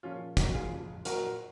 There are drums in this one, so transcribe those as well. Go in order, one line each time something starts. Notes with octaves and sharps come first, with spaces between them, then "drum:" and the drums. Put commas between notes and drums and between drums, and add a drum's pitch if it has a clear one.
A#2 F3 G#3 C#4 F4
A#2 F#3 D#4 F#4, drum: kick, hi-hat
F4 G#4
C#3 F3 G#3
A#2 F#3 F#4 A#4, drum: hi-hat